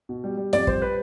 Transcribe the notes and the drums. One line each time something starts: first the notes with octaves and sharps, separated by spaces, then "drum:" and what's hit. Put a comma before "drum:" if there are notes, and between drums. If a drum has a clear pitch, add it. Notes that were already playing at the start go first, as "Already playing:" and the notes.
B2
G3
G3
F2 D5, drum: snare
G3 C5, drum: kick
B4